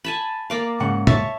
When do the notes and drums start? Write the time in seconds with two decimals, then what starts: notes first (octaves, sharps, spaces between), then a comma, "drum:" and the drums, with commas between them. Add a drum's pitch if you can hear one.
0.04 G#5 A5 B5
0.50 A#3 D5 F5
0.80 G#2 C#3 F#5
1.07 C#5 E5 A5, drum: tom